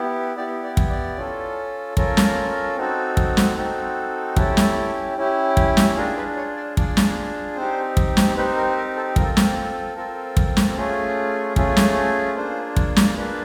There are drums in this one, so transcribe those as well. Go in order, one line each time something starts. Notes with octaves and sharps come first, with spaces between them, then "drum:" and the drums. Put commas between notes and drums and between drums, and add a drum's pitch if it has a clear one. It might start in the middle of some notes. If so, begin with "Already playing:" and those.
Already playing: B3 E4 G4
B3 E4 G4 D5
D5
drum: kick
D5
C#4 F4 A4
C#4 F4 A4 A#4, drum: kick
drum: snare
C4 D#4 F#4 A4
drum: kick
drum: snare
C4 D#4 F#4 A4
C#4 E4 G4 A4, drum: kick
drum: snare
C#4 E4 G4
drum: kick
drum: snare
D4 F4 G#4 A#4
B4
C#5
D5
D4 F4 G#4 D5, drum: kick
drum: snare
C4 D#4 G4 C5
drum: kick
drum: snare
C4 D#4 G4 B4
A#4
A#4
A4
C4 F4 A4 A#4, drum: kick
drum: snare
C4 F4 A4 A#4
drum: kick
drum: snare
A3 C#4 F4 G#4
A3 C#4 F4 G#4, drum: kick
drum: snare
A#3 D4 F4 G#4 C5
drum: kick
drum: snare
A#3 D4 F4 G#4 B4